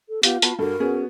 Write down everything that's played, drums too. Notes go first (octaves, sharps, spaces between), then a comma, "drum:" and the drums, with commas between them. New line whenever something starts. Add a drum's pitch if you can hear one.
A4
B3 F4 G4, drum: hi-hat
B3 F#4 F5 A5 B5, drum: hi-hat
G2 F#4 A4 A#4
B3 C#4 F#4 G#4